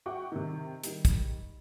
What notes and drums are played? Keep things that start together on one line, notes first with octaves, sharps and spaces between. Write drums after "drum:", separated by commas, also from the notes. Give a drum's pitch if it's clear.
F#4 E5 F#5 G5 C#6 D6
C3 D#3
D#3 G3, drum: hi-hat
drum: kick, hi-hat